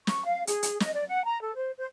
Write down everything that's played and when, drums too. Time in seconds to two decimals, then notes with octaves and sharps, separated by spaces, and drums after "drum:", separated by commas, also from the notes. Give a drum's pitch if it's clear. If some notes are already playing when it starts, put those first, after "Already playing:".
0.07 C#6, drum: snare
0.25 F5
0.47 G#4, drum: hi-hat
0.63 drum: hi-hat
0.80 D#5, drum: snare
0.94 D5
1.07 F#5
1.24 A#5
1.41 A4
1.55 C5
1.77 C5